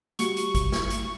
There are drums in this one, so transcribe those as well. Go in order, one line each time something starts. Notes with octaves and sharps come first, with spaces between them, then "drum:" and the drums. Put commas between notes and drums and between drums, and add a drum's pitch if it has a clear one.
G3 F#4 C#6 C#7, drum: hi-hat
drum: hi-hat
drum: kick G#1, hi-hat
drum: snare
drum: hi-hat